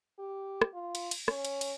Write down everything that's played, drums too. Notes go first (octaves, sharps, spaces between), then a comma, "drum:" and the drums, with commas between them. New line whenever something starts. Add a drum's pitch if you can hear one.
G4
drum: rim click
F4
drum: cymbal
drum: cymbal
C#4, drum: rim click
drum: cymbal
drum: cymbal